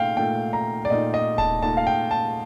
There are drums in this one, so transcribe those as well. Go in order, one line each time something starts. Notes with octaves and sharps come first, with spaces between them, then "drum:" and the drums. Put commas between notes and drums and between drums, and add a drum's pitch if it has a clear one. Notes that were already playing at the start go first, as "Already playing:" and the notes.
Already playing: A#2 A3 D#4 F5 G5
A#2 A3 D#4 G5
A#5
D5
A#2 A3 D#4 D#5
D#5
A5, drum: kick D1
A#2 A3 D#4 A5
F5
G5
A5